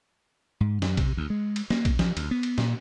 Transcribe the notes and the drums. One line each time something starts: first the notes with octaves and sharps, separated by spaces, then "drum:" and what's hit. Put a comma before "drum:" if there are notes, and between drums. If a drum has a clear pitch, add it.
G#2
F#2, drum: snare
C3, drum: kick A#1, cymbal
D2
G#3
drum: cymbal
A#3, drum: snare
drum: kick A#1, cymbal
F3, drum: snare
D2, drum: cymbal
B3
drum: cymbal
A#2, drum: snare